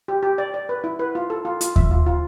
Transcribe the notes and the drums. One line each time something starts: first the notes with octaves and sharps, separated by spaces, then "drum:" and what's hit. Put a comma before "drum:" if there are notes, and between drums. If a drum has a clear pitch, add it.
G4
G4
D5
D5
B4
E4
B4
F4
A4
F4
F4, drum: hi-hat
E5, drum: kick D#2
F4
F4